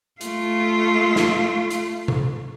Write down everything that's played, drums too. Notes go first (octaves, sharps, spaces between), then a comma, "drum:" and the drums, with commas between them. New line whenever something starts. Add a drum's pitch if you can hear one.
A3 F4, drum: hi-hat
drum: snare
drum: hi-hat
drum: tom C3